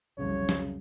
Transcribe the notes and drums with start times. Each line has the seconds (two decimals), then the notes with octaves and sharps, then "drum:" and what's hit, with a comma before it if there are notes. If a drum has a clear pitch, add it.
0.18 C2 F2 C#3 F#3 C#5
0.49 drum: snare